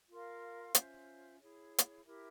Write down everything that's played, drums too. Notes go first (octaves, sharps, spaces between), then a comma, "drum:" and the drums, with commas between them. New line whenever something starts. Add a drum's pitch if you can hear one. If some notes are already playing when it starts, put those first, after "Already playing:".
F4 A#4 F5 C6
C#4 F4 C5 E5, drum: hi-hat
E4 G#4 C#5
drum: hi-hat
E4 G4 A#4 E5